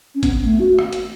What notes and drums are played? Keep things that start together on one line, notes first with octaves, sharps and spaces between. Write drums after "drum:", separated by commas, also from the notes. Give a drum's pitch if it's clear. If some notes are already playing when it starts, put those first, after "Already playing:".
C#4
B3, drum: kick G#1, hi-hat
A3
F#4
drum: rim click
drum: hi-hat